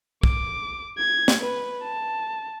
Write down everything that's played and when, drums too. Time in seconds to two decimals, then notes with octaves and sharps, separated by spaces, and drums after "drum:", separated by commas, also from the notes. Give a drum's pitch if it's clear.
0.23 D6, drum: kick
0.98 G#6
1.28 drum: snare
1.41 B4
1.83 A5